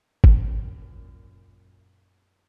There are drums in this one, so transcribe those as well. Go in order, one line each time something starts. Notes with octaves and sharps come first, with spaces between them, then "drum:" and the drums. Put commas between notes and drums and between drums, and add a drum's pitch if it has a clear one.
F#2 A#2, drum: kick